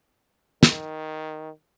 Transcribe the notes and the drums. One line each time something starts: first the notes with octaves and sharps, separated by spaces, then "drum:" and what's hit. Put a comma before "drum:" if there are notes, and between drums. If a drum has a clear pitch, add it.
D#3, drum: snare